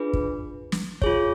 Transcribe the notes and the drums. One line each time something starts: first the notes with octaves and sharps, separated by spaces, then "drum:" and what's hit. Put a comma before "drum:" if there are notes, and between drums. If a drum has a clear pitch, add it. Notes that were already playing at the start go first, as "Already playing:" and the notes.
Already playing: D4 F4 G#4 B4
drum: kick
drum: snare
F4 G#4 C#5, drum: kick